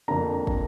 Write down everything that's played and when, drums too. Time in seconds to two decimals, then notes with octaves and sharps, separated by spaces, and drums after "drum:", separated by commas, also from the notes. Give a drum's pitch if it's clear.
0.08 F2 D3 A#3 D4 A#5
0.47 drum: kick